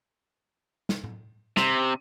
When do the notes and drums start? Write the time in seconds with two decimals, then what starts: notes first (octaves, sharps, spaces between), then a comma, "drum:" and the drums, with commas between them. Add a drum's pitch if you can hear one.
0.89 drum: snare
1.04 drum: tom A2
1.57 C3, drum: snare